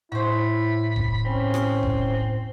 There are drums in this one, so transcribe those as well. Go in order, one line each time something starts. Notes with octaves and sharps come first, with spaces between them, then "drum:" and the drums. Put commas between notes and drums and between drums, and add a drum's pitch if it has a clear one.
A2 E4 F#4 C5 B5
drum: kick E1
C4 C#4
drum: rim click
drum: kick E1